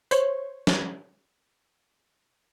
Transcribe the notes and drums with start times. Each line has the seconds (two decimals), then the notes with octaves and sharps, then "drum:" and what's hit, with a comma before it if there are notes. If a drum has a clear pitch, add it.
0.11 C5 C#5, drum: tambourine
0.67 drum: snare